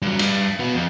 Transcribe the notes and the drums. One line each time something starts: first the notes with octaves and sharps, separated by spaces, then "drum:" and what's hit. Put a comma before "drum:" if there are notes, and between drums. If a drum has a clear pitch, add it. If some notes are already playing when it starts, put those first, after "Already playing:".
G2 F#3
G2, drum: cymbal
B3 F#4
F2